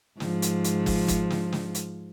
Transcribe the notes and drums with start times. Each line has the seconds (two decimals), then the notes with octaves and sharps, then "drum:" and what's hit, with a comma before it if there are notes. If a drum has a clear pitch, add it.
0.20 G#2 F3, drum: snare
0.42 drum: hi-hat
0.64 drum: hi-hat
0.86 drum: kick, open hi-hat
1.08 drum: kick, hi-hat
1.30 drum: snare
1.52 drum: snare
1.75 drum: hi-hat